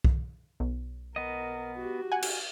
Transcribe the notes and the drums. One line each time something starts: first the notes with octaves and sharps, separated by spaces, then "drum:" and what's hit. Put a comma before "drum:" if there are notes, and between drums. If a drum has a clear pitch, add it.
drum: kick B1
B1
B3 A#4 D#5
F#4 G4
F#5 G#5
drum: cymbal